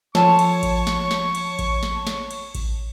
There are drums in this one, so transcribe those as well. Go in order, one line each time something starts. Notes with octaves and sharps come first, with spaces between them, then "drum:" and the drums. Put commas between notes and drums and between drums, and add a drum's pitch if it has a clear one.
F3 F4 G#4 A4 C#5 A5 C#6, drum: snare
drum: cymbal
drum: kick A1, cymbal
drum: snare
drum: snare
drum: cymbal
drum: kick A1, cymbal
drum: snare
drum: snare
drum: cymbal
drum: kick A1, cymbal